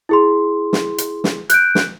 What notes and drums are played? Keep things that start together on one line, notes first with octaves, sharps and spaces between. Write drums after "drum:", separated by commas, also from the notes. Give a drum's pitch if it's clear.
E4 G#4 C6
drum: snare
drum: hi-hat
drum: snare
F#6 G6 D7, drum: hi-hat
drum: snare